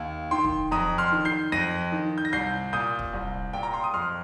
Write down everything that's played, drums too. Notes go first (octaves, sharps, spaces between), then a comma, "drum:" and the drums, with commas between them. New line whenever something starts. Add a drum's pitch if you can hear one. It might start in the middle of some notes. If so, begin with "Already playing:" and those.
Already playing: D#2
D#3 G5 C6
drum: kick
F2 A#5 D#6
C6 F6
D#3
G6 C7
F2 A#6 D#7
D#3
G6
A#6
C2 G6 C7
A#2 D#6 G6
drum: kick
C2
A#2 G5
A#5
C6
D#6
F2 C6 F6